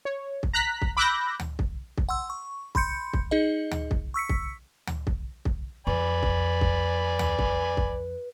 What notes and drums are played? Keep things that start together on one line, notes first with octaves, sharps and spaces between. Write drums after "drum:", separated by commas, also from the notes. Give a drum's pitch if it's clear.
C#5
drum: kick
A#5 F#6 B6
drum: kick
B5 D6 E6 F#6 G6 A#6
drum: tom D2
drum: kick
drum: kick
F#5 C6 E6
C#6
B5 C6 G6 C#7, drum: kick
drum: kick
D#4 G#4 D#5
drum: tom D2
drum: kick
C#6 E6 B6 C#7
drum: kick
drum: tom D2
drum: kick
drum: kick
F2 B4 D5 G#5 B5
drum: kick
drum: kick
drum: tom D2
drum: kick
drum: kick